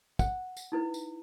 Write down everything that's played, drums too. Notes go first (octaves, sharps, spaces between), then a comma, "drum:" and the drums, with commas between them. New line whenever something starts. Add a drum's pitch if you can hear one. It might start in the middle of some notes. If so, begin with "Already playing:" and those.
F#5, drum: kick, tambourine
drum: tambourine
D#4 E4 B4
drum: tambourine